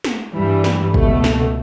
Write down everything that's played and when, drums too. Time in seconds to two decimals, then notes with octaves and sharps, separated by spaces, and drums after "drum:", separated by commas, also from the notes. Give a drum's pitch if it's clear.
0.04 drum: snare
0.34 G2 E3 G3
0.64 drum: snare
0.94 C#2 B2 A3, drum: kick G#1
1.24 drum: snare